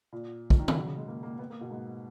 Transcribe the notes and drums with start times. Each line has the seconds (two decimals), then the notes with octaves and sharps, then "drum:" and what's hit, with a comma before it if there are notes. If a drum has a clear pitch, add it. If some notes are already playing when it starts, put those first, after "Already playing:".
0.13 A#2
0.50 F3, drum: kick
0.59 D#3
0.68 C#3, drum: tom
0.76 B2
0.86 C#3
0.97 G#3
1.08 A#3
1.23 A#3
1.39 B3
1.50 A#3
1.61 B2
1.71 G#2